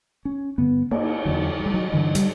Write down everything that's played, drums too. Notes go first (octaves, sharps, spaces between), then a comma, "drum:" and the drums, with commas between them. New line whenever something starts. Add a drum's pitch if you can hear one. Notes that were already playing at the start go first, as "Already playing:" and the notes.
C#4
G2 D3 B3
A#3, drum: cymbal
E2 D3 F#3
F#3
G3
F#3
G2 D3 E3
G3, drum: hi-hat